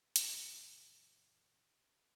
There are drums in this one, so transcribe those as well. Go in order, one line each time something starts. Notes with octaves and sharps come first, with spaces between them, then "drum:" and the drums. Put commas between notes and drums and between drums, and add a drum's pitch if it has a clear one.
F#2 A#2 D#3 E3, drum: hi-hat